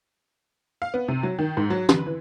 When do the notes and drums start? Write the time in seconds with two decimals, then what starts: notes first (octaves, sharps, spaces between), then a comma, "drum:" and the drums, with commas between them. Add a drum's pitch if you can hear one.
0.82 F5
0.94 B3
1.08 C3
1.23 F#3
1.39 D#3
1.57 G#2
1.70 F#3
1.89 B4, drum: tom
2.06 E3